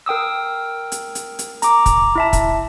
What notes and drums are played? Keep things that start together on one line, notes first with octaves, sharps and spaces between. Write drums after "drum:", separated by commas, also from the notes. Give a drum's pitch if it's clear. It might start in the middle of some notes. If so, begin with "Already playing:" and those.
A#4 G5 D#6 E6
drum: hi-hat
drum: hi-hat
drum: hi-hat
A#5 D6, drum: hi-hat
drum: kick, hi-hat
E4 E5 A5
drum: kick, hi-hat